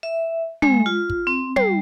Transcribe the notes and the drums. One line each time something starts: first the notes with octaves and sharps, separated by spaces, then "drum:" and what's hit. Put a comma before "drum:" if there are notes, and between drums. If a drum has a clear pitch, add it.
E5
G#3, drum: tom
F4
drum: kick
C4
G3, drum: tom